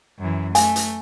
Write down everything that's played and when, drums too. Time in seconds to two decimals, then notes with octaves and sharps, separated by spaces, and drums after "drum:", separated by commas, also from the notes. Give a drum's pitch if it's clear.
0.19 F#2 E3
0.55 A3 G#5, drum: hi-hat
0.76 drum: hi-hat